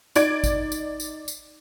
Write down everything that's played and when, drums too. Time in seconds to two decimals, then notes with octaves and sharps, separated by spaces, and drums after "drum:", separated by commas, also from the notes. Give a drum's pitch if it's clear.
0.15 D#4 D5 G#6 D7, drum: tambourine
0.44 drum: kick G#1, tambourine
0.72 drum: tambourine
1.00 drum: tambourine
1.28 drum: tambourine